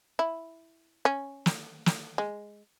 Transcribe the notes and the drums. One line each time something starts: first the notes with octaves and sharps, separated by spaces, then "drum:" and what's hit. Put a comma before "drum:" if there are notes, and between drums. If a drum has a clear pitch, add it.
E4
C#4
drum: snare
drum: snare
G#3